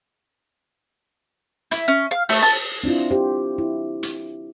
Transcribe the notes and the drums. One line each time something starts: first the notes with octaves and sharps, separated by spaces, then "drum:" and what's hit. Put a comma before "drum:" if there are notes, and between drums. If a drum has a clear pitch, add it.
E4, drum: hi-hat
C#4
F5
A3, drum: open hi-hat
A5
C4 D4 E4 F4
G4 C5
E4
drum: hi-hat